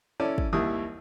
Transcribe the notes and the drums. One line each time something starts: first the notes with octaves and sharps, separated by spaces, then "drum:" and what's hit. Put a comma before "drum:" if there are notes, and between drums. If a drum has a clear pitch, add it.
C#4 E4 A4 D5
drum: kick
G#1 D#2 G3 E4 D#6